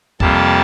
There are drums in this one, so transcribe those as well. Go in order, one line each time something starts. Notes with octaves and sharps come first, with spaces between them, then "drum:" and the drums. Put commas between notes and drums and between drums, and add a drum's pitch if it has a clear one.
F2 C3 G3 A#3 A5, drum: kick